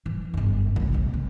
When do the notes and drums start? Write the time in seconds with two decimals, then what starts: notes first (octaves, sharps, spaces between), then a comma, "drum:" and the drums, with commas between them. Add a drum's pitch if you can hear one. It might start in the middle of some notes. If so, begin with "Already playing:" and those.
0.05 E3 F3
0.34 G1 F#2
0.76 D1 C2, drum: kick G#1
0.93 C#2 B2
1.14 C4